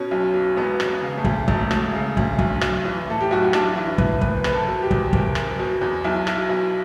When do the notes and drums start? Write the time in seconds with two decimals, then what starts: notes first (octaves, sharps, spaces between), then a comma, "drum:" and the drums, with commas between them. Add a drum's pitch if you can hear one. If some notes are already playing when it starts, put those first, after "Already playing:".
Already playing: B2 C#4
0.11 B1
0.34 B2
0.57 E1 B3
0.80 E1, drum: rim click
0.88 B3
1.02 C#3
1.17 A3
1.25 D2, drum: kick
1.48 E1 A3, drum: kick
1.71 E1 A3, drum: rim click
1.93 C#3
2.17 D2, drum: kick
2.39 B1, drum: kick
2.61 B1, drum: rim click
2.85 E3
3.08 A2 A4
3.21 G4
3.31 B1 F#4
3.42 E4
3.53 B1 D4, drum: rim click
3.76 E3 E4
3.98 A2 B4, drum: kick
4.21 F#1 B4, drum: kick
4.44 F#1 B4, drum: rim click
4.53 A4
4.67 B2
4.82 G4
4.91 E2, drum: kick
5.13 F#1, drum: kick
5.35 F#1, drum: rim click
5.59 B2
5.81 E2
6.04 B1 E4
6.27 B2, drum: rim click
6.50 B1